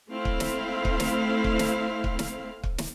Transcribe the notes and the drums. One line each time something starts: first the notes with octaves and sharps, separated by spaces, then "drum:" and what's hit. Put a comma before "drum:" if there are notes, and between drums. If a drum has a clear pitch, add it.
A3 C4 E4 F5
drum: kick
drum: snare
drum: kick
drum: snare
drum: kick
drum: snare
drum: kick
drum: snare
drum: kick
drum: snare